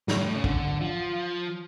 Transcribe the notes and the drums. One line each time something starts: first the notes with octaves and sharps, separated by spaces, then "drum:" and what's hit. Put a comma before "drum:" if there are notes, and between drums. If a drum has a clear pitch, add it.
A2, drum: snare
G2
A2
C#3
D3, drum: kick
drum: tom A2
F3